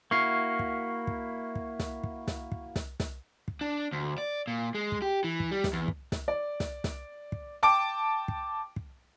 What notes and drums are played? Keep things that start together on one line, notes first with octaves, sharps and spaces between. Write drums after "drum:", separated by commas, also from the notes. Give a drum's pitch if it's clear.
A#3 E4 F#4 C#6 F6 C7
drum: kick
drum: kick
drum: kick
drum: snare
drum: kick
drum: snare
drum: kick
drum: snare
drum: snare
drum: kick
D4
D2
D5
A#2
G#3
drum: kick
G4
E3
drum: kick
G3
drum: snare
E2
drum: kick
drum: snare
D5
drum: snare
drum: snare
drum: kick
G5 A5 D6 D7
drum: kick
drum: kick